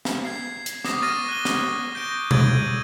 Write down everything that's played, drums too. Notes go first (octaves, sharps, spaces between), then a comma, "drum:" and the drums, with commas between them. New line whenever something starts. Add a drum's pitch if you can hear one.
drum: snare
G#6 C7
drum: hi-hat
D6 D#6 G#6 A#6, drum: snare
C#6 D#6 F6 A6 A#6 D#7
F#6 G7
drum: snare
G6 A#6 D7 G7
E6 G#6 A6 D7 D#7 G7, drum: tom B2